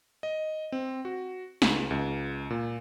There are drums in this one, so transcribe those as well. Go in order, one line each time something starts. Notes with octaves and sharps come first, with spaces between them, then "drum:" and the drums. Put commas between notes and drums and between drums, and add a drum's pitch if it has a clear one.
D#5
C4
F#4
C#2, drum: snare
C#2
A#2